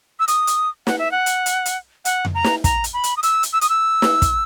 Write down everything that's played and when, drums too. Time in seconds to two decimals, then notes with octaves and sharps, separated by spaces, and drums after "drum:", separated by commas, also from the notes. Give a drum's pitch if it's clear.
0.20 E6
0.28 D#6, drum: hi-hat
0.47 drum: hi-hat
0.87 F#5, drum: snare
0.98 E5
1.12 F#5
1.26 drum: hi-hat
1.46 drum: hi-hat
1.66 drum: hi-hat
2.05 F#5, drum: hi-hat
2.25 drum: tom F2
2.35 A#5
2.44 drum: snare
2.64 A#5, drum: kick, hi-hat
2.84 drum: hi-hat
2.94 B5
3.04 drum: hi-hat
3.17 D#6
3.23 E6, drum: hi-hat
3.43 drum: hi-hat
3.53 E6
3.61 D#6, drum: hi-hat
3.69 E6
4.02 drum: snare
4.22 drum: kick, hi-hat